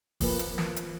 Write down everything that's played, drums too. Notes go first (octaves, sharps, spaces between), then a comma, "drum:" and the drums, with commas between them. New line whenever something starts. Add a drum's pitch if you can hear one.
F3 A#3 B4, drum: kick, open hi-hat
drum: hi-hat
drum: snare
drum: hi-hat